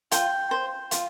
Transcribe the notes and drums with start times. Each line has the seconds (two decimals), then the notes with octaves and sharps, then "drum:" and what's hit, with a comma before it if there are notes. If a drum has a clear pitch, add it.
0.11 F4 G5, drum: hi-hat
0.51 C5
0.91 F4, drum: hi-hat